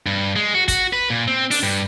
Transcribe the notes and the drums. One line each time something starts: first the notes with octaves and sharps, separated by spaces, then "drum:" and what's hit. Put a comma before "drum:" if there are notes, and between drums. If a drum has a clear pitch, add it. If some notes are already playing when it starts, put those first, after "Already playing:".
G2
G#3
F#4
F#4, drum: kick, hi-hat
B4
A#2
C4
D4, drum: open hi-hat
G2